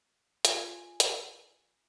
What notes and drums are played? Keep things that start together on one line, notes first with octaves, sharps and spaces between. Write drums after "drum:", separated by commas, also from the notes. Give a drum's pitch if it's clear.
F4 G#5, drum: hi-hat
drum: hi-hat